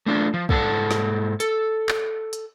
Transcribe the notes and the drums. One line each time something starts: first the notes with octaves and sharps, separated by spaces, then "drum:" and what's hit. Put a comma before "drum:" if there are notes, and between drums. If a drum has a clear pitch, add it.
A3 D4 F4
F3
G#2 A4 F#5 A5, drum: kick
drum: snare
A4, drum: hi-hat
drum: clap
drum: hi-hat